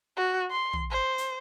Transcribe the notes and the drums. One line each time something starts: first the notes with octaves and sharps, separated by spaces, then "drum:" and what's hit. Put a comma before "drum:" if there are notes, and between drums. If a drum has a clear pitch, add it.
F#4
C6
drum: tom
C5
drum: hi-hat